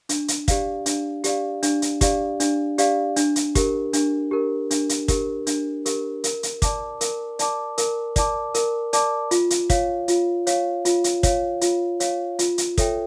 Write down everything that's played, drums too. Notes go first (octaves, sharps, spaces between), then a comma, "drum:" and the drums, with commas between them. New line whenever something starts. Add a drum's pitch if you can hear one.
D4, drum: hi-hat
drum: hi-hat
G4 D5 F5, drum: kick, hi-hat
D4, drum: hi-hat
G4 D5 F5, drum: hi-hat
D4, drum: hi-hat
drum: hi-hat
G4 D5 F5, drum: kick, hi-hat
D4, drum: hi-hat
G4 D5 F5, drum: hi-hat
D4, drum: hi-hat
drum: hi-hat
G4 A#4, drum: kick, hi-hat
D4, drum: hi-hat
G4 A#4
D4, drum: hi-hat
drum: hi-hat
G4 A#4, drum: kick, hi-hat
D4, drum: hi-hat
G4 A#4, drum: hi-hat
A#4, drum: hi-hat
drum: hi-hat
D5 A5 D6, drum: kick, hi-hat
A#4, drum: hi-hat
D5 A5 D6, drum: hi-hat
A#4, drum: hi-hat
D5 A5 D6, drum: kick, hi-hat
A#4, drum: hi-hat
D5 A5 D6, drum: hi-hat
F4, drum: hi-hat
drum: hi-hat
C#5 F5, drum: kick, hi-hat
F4, drum: hi-hat
C#5 F5, drum: hi-hat
F4, drum: hi-hat
drum: hi-hat
C#5 F5, drum: kick, hi-hat
F4, drum: hi-hat
C#5 F5, drum: hi-hat
F4, drum: hi-hat
drum: hi-hat
A4 C#5 E5 G5, drum: kick, hi-hat